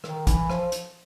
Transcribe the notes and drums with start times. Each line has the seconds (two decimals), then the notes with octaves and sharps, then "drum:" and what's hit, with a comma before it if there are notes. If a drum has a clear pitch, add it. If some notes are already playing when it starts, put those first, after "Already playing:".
0.04 D#3, drum: rim click
0.27 E3, drum: kick, hi-hat
0.50 F3, drum: rim click
0.72 drum: hi-hat